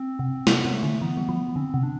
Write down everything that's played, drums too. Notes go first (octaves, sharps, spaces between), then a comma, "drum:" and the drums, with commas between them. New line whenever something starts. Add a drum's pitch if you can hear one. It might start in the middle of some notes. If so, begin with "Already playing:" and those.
Already playing: C4
C3
C3 B3, drum: snare
C3
A3
D3
E3 B3
G3
F3
D3 C4
C3
D4